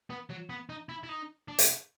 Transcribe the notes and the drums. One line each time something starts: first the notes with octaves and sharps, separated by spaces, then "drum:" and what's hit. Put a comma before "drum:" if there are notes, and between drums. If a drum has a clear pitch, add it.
B3
F#3
B3
D#4
E4
E4
D#4
D4
drum: hi-hat